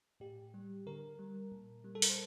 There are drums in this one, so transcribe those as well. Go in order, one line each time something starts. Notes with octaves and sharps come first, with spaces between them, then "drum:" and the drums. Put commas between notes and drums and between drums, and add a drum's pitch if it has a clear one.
A2 G4
G3
D3 A#4
G3
A#2
G3
A4
A#4, drum: open hi-hat
C5